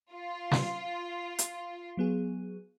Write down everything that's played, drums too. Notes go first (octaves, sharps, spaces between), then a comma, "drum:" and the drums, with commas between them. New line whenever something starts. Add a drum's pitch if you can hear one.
F4
drum: snare
drum: hi-hat
F#3 B3 G#4